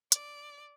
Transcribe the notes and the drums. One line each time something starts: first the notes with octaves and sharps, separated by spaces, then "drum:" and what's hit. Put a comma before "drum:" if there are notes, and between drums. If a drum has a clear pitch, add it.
D5, drum: hi-hat